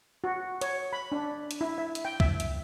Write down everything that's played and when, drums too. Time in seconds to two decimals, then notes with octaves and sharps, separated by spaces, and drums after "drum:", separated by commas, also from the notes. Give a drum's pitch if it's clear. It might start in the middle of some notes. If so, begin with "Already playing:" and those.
0.24 F#4
0.61 C#5, drum: hi-hat
0.93 B5
1.12 D4
1.51 drum: hi-hat
1.61 E4
1.78 E5
1.95 drum: hi-hat
2.05 G5
2.20 E5, drum: kick
2.40 drum: hi-hat